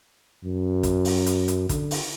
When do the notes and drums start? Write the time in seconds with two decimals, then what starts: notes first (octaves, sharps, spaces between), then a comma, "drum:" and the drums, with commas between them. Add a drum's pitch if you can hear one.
0.45 F#2
0.83 drum: kick, hi-hat
1.05 drum: open hi-hat
1.26 drum: hi-hat
1.48 drum: hi-hat
1.69 D3, drum: kick, hi-hat
1.91 drum: open hi-hat